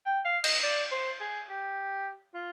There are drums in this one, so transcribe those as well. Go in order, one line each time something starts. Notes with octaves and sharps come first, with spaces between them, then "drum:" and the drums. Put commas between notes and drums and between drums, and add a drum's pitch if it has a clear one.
G5
F5
D#5, drum: cymbal
D5
C5
G#4
G4
F4